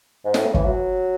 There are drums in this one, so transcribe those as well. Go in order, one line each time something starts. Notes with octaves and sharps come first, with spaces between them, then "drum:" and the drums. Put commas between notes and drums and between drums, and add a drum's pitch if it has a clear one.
G#2
A2, drum: snare
C#3
E3, drum: kick
F#3